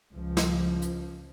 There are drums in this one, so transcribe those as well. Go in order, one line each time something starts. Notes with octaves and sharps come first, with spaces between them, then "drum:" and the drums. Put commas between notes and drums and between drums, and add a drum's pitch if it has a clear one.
C#2 F3
drum: snare
drum: hi-hat